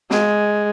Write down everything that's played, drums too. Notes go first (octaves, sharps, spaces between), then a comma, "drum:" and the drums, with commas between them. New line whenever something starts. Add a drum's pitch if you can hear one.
G#3, drum: snare